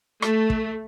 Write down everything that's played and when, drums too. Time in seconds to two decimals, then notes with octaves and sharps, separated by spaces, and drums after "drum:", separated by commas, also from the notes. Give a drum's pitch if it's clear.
0.22 A3, drum: rim click
0.50 drum: kick